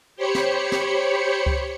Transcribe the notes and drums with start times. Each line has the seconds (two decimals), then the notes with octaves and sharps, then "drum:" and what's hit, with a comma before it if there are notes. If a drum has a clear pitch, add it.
0.16 G4 C5 C#5 B5 C#7
0.35 drum: snare
0.72 drum: snare
1.46 drum: kick C#2